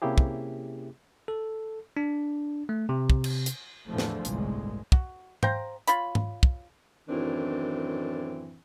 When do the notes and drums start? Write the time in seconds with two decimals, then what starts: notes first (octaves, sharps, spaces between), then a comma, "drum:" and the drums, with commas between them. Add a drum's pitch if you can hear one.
0.02 C3 A#3 C#4 E4 G4 G#4
0.18 drum: kick
1.28 A4
1.97 D4
2.69 A3
2.89 C3
3.10 drum: kick
3.24 drum: cymbal
3.46 drum: hi-hat
3.89 E2 A2 D3 E3 F3 A3
3.98 drum: snare
4.25 G1 C2 A2 G#3, drum: hi-hat
4.92 F#4, drum: kick
5.43 C5 F5 G5 A#5, drum: tom G#2
5.88 F4 C#5 B5, drum: hi-hat
6.15 drum: tom G#2
6.43 drum: kick
7.09 F#2 A2 D#3 E3 C4 D4